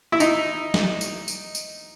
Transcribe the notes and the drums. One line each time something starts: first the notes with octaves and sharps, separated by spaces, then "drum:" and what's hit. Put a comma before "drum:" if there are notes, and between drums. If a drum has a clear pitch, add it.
E4
D#4, drum: tambourine
drum: snare
drum: tambourine
drum: tambourine
drum: tambourine